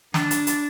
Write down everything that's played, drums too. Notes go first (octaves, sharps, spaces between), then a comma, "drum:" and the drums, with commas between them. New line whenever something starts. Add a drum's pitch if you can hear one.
D4, drum: snare
drum: hi-hat
drum: hi-hat